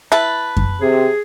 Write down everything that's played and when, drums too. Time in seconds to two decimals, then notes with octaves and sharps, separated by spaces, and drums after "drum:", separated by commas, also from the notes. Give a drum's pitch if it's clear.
0.12 E4 B4 A5
0.57 drum: kick F#2
0.81 C3 G#4